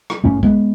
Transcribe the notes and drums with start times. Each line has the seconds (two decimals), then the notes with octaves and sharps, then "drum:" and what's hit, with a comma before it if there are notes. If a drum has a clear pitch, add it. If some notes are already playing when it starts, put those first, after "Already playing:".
0.10 drum: rim click
0.24 A1 G#2 A3 C#4
0.43 G#3 B3, drum: kick